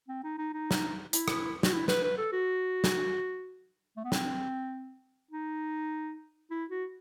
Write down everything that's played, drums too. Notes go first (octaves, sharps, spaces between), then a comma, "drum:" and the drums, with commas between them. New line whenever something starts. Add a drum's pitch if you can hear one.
C4
D#4
D#4
D#4
drum: snare
E4, drum: hi-hat
drum: rim click
F#4, drum: snare
E4
B4, drum: snare
B4
A4
F#4
drum: snare
A3
B3
C4, drum: snare
D#4
E4
F#4